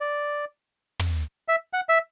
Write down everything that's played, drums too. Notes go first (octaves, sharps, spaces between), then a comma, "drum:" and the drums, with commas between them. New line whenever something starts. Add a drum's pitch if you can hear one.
D5
drum: tom
E5
F#5
E5